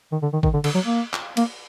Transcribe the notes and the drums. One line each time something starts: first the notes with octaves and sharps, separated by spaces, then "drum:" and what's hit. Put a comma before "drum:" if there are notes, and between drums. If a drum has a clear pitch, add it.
D#3
D3
D#3
D#3, drum: kick G#1
D3
D3, drum: cymbal
F#3
A#3
drum: clap
A#3, drum: cymbal